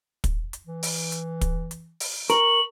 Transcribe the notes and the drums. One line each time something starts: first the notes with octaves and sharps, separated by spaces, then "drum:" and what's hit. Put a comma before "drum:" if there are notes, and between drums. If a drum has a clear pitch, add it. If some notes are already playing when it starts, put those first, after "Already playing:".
drum: kick, hi-hat
drum: hi-hat
E3
drum: open hi-hat
drum: hi-hat
drum: kick, hi-hat
drum: hi-hat
drum: open hi-hat
A#4 C#6 F#7, drum: hi-hat